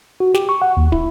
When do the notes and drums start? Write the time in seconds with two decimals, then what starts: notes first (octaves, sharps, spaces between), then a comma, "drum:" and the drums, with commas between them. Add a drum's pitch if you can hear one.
0.20 F#4
0.34 G4, drum: snare
0.49 C#6
0.62 F#5
0.77 D#2
0.92 E4, drum: kick